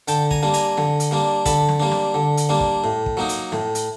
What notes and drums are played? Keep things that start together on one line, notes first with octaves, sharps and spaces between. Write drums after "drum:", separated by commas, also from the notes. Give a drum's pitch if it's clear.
D3 G5 A5, drum: hi-hat
G#5 A#5, drum: kick
G3 A#3 D4
G#5 A#5, drum: hi-hat
D3, drum: snare
drum: hi-hat
G3 A#3 D4
D3 A5 B5, drum: kick, hi-hat
drum: snare
G3 A#3 D4
drum: snare
D3
drum: hi-hat
G3 A#3 D4
drum: kick
A2
drum: kick
F#3 A#3 D#4
drum: hi-hat
A2, drum: snare
drum: hi-hat